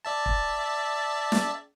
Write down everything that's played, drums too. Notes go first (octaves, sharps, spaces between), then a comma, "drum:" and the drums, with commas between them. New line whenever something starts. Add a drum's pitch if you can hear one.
D5 E5 A5
drum: kick
drum: snare